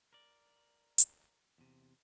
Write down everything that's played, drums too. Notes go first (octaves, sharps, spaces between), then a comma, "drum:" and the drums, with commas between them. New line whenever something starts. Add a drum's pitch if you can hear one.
A#4 D5
drum: hi-hat
E2 C3